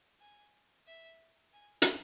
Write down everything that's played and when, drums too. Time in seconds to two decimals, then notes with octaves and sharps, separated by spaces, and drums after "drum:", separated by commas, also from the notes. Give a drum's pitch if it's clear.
0.20 G#5
0.87 E5
1.53 G#5
1.82 drum: hi-hat